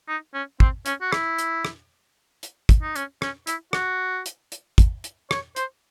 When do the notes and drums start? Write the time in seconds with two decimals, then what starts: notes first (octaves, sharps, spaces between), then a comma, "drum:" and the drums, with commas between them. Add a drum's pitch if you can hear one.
0.09 D#4
0.34 C#4
0.60 C4, drum: kick
0.86 C#4, drum: hi-hat
1.01 F#4
1.13 E4, drum: rim click
1.38 drum: hi-hat
1.65 drum: rim click
2.43 drum: hi-hat
2.69 drum: kick, hi-hat
2.83 D#4
2.96 C#4, drum: hi-hat
3.22 C#4, drum: rim click
3.47 E4, drum: hi-hat
3.73 F#4, drum: rim click
4.26 drum: hi-hat
4.52 drum: hi-hat
4.78 drum: kick, hi-hat
5.04 drum: hi-hat
5.31 C#5, drum: rim click
5.56 C5, drum: hi-hat